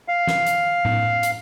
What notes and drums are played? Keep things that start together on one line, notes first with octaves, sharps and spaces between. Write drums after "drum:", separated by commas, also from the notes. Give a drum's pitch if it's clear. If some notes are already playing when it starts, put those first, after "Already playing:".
F5
drum: snare
drum: hi-hat
drum: tom A2
drum: hi-hat